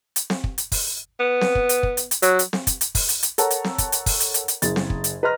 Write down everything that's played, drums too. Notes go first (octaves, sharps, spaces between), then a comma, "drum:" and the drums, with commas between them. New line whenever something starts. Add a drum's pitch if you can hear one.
drum: hi-hat
drum: snare C4
drum: kick
drum: hi-hat
drum: kick, open hi-hat
B3
drum: snare C4
drum: kick
drum: hi-hat
drum: kick
drum: hi-hat
drum: hi-hat
F#3, drum: hi-hat
drum: hi-hat
drum: snare C4
drum: kick, hi-hat
drum: hi-hat
drum: kick, open hi-hat
drum: hi-hat
drum: hi-hat
A4 A#4 C#5 F#5 A5 A#5, drum: hi-hat
drum: hi-hat
drum: snare C4
drum: kick, hi-hat
drum: hi-hat
drum: kick, open hi-hat
drum: hi-hat
drum: hi-hat
drum: hi-hat
F#1 G#4 A6, drum: hi-hat
drum: snare C4
drum: kick
drum: hi-hat
B4 D#5 A#5 C6 F6 A#6